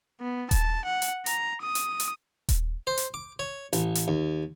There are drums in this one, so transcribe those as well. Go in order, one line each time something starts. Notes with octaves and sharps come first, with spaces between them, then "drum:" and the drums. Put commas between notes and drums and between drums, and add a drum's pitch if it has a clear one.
B3
A5, drum: kick D#1, hi-hat
F#5
drum: hi-hat
A#5, drum: hi-hat
D#6
drum: hi-hat
drum: hi-hat
drum: kick D#1, hi-hat
C5
drum: hi-hat
D6
C#5
A1, drum: hi-hat
drum: hi-hat
D#2